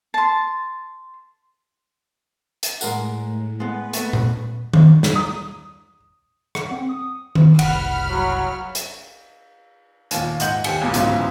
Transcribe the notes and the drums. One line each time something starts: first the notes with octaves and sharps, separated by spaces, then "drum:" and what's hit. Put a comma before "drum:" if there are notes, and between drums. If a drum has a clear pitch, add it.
A5 C6
drum: hi-hat
A2 G#3 A#4 F#5, drum: tambourine
G#3 B3 B4
A3 B3, drum: hi-hat
drum: tom A#2
drum: tom D#3
drum: snare
D#6
F#5, drum: rim click
C4
D#6
drum: tom D#3
F#1 C2 F#5 B5 F6, drum: cymbal
F#3
drum: hi-hat
D#2 A#2, drum: hi-hat
G#2 D#5 F#5 G6 F#7, drum: hi-hat
D#2 G4 G#5 C#7 G7, drum: cymbal
C2 G2 A#2
G1 C#2 G#2 C#3 E3 F#3, drum: hi-hat